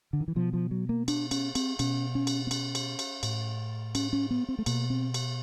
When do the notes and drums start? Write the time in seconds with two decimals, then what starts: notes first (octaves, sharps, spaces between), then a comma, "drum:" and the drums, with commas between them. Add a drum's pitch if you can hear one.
0.13 D3
0.20 D#3
0.28 E3
0.36 B2 F3
0.53 F3
0.71 F#3
0.89 A#3
1.08 D4, drum: cymbal
1.31 C#4, drum: cymbal
1.55 C4, drum: cymbal
1.79 B2 C#4, drum: cymbal
2.15 C#4
2.27 drum: cymbal
2.47 C4
2.51 C#4, drum: cymbal
2.75 drum: cymbal
2.99 drum: cymbal
3.23 A2, drum: cymbal
3.95 C#4, drum: cymbal
4.13 C#4
4.30 B3
4.49 C4
4.59 A3
4.66 B2 A#3, drum: cymbal
4.90 C4
5.14 drum: cymbal